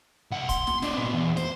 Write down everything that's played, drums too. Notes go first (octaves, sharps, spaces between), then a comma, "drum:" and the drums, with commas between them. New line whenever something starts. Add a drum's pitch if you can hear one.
C2 F#5
C6, drum: kick, hi-hat
drum: snare
C4 D4, drum: snare
A#2 B3
E2
C5, drum: snare